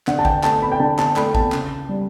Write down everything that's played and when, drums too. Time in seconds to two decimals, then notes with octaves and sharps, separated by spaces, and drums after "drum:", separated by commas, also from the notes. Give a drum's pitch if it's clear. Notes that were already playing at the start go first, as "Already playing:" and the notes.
0.07 D3 F#5, drum: clap
0.19 A5
0.25 G5, drum: kick A1
0.43 A3 A5, drum: clap
0.62 B5
0.72 G5
0.80 D3 A5
0.99 A5, drum: clap
1.16 A3 B5, drum: clap
1.35 A5, drum: kick A1
1.52 C#3, drum: clap
1.89 G3